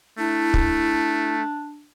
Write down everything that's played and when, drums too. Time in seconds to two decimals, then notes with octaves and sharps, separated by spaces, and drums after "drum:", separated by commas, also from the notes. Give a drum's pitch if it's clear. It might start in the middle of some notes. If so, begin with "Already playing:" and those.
0.19 A3 D4 E4
0.54 drum: kick